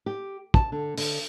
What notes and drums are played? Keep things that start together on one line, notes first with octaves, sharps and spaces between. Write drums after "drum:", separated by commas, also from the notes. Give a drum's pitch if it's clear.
G4
A5, drum: kick
D3
D3, drum: open hi-hat